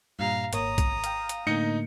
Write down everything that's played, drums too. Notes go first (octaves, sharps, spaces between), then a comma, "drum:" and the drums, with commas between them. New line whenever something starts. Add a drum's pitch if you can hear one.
G2 A#2 G3 F5 A#5
G#1 A#3 C#5 A#5 D#6, drum: hi-hat
drum: kick B1, hi-hat
F5 G5, drum: hi-hat
drum: hi-hat
A2 D3 A#3 D#4 D#5 C#7